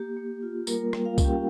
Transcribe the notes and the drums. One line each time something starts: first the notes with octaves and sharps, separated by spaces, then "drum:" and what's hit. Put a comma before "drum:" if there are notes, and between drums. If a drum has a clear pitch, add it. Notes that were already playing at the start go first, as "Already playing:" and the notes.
Already playing: A#3 G4
A#3
F4
G3 A#3 A#4, drum: tambourine
G3, drum: rim click
F4 F5
C#4, drum: kick C2, tambourine
G4 G5